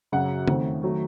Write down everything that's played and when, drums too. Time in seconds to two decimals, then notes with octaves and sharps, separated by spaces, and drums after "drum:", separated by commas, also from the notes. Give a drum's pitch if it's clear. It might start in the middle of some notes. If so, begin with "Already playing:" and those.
0.12 F#2 C#3 F#3 F#5
0.48 F2 D#3 A3, drum: tom C#3
0.82 D#3 F#3 A3